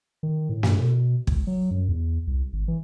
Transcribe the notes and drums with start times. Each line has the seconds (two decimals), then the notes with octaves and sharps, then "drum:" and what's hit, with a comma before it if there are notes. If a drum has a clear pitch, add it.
0.23 D#3
0.49 A2
0.63 G2, drum: snare
0.79 B2
1.27 C#2, drum: kick
1.47 F#3
1.71 F#2
1.89 E2
2.27 C2
2.53 G#1
2.68 E3